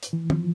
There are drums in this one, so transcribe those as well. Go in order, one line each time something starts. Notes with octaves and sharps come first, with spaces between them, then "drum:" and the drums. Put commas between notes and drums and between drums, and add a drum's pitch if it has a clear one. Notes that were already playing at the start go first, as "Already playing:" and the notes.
drum: hi-hat
E3
F3, drum: tom